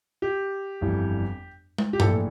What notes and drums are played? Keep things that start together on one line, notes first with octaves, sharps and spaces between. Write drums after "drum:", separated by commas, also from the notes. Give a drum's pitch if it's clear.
G4
G1 F2 E3 G3
drum: tom
G4
A#1 A2 E3 A4, drum: tom G2